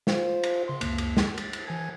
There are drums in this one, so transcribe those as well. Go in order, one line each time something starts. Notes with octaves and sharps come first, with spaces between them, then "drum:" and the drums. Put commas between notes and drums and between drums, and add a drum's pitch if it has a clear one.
F4 C5 F5, drum: snare
drum: cymbal
C#3 C6
C#2 F#2 A#3, drum: cymbal
drum: cymbal
drum: snare
A6, drum: cymbal
drum: cymbal
E3 G#5 G#6